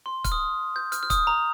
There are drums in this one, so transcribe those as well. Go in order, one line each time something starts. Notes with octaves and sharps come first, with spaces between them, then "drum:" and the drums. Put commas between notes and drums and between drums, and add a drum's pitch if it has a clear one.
C6
F6, drum: kick, hi-hat
D#6
G6
F6, drum: hi-hat
F6
D#6, drum: kick, hi-hat
A#5